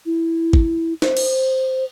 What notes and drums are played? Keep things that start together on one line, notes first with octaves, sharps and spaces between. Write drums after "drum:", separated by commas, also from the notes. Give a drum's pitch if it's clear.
E4
drum: kick
C5, drum: snare
drum: cymbal